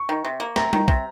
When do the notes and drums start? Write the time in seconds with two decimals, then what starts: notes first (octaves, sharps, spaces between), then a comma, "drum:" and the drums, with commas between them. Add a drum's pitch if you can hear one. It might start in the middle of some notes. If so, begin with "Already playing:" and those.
Already playing: C#6
0.09 D#3
0.25 C3
0.40 A#3
0.56 C3 A#5, drum: snare
0.73 D#3, drum: tom G3
0.88 C3, drum: kick